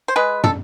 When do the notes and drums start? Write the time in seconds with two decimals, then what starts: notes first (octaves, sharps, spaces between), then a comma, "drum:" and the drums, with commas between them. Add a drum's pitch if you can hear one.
0.08 C5
0.16 G#3 G#4 B4
0.44 A4, drum: tom